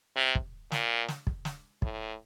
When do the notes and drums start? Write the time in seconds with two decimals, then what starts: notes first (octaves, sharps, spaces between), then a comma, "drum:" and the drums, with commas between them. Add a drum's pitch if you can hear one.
0.16 C3
0.35 drum: kick
0.72 A#2, drum: snare
1.08 drum: snare
1.27 drum: kick
1.45 drum: snare
1.82 A2, drum: kick